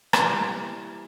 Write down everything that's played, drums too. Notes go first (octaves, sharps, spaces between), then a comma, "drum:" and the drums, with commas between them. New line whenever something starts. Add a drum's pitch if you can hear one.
G3 A#3 E4 G4 D5, drum: rim click